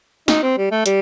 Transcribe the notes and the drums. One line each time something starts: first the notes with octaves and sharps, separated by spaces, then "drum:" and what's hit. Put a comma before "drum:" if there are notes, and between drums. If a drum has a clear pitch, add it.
D#4, drum: snare
C4
G3
A3
G3, drum: hi-hat